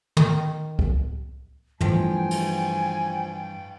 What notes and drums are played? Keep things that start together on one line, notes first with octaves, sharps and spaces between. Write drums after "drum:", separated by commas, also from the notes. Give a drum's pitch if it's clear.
D#3, drum: tom
drum: kick C2
G2 E3 F3 A3 G5 G#5, drum: tom
drum: cymbal